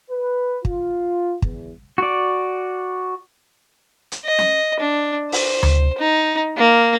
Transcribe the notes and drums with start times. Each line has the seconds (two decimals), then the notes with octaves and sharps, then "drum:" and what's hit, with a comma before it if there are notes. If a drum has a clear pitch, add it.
0.11 B4
0.65 F4, drum: kick
1.42 E2, drum: kick
1.98 F#4 D5
4.12 drum: hi-hat
4.25 D#5
4.39 drum: snare C#4
4.80 D4
5.32 C5, drum: open hi-hat
5.63 drum: tom D2
5.98 D#4
6.57 A#3